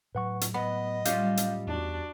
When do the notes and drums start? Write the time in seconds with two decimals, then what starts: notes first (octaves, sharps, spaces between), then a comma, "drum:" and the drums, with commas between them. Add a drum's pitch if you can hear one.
0.15 A2 F#3 B4 F#5 C#6
0.41 drum: hi-hat
0.54 B3 B4 D#5 F#5 B5
1.05 G3 C#4 F4 F5 G6, drum: hi-hat
1.37 drum: hi-hat
1.67 E2 D4 F#4